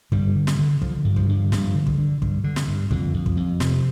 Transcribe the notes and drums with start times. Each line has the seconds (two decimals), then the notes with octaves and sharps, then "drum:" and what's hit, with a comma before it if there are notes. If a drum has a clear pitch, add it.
0.12 G2 D3 G3, drum: kick
0.36 D3
0.47 drum: snare
0.59 D3
0.81 D3 F3, drum: kick
1.04 G2
1.16 F3, drum: kick
1.26 G2 D3
1.36 F3
1.52 G2, drum: snare
1.75 D3
1.86 drum: kick
1.98 D3
2.22 G2, drum: kick
2.44 D3
2.56 drum: snare
2.68 G2
2.91 F2 D3, drum: kick
3.14 F2
3.26 drum: kick
3.37 F2
3.60 C3 F3, drum: snare